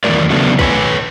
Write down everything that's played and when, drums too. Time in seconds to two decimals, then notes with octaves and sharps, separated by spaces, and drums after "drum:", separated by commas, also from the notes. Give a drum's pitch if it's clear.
0.04 E2 D#3 F#3 A3 A#4 D5
0.30 C#3 F#3 A3 B3 D4
0.59 B4 C#5 G#5, drum: kick